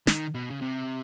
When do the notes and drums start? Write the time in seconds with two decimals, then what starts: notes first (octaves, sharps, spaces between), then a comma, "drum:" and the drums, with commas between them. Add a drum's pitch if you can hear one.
0.07 D#3, drum: snare
0.34 B2
0.50 C#3
0.61 C3